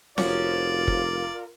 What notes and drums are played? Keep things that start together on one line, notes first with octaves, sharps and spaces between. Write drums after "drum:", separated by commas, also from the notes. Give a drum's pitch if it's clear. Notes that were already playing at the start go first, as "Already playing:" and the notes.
F1 F3 C#4 F4 F#4 A#4 D5, drum: snare C4
drum: kick